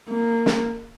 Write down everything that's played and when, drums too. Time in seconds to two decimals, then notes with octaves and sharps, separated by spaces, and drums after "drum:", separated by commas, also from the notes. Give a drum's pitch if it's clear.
0.10 A#3
0.46 drum: snare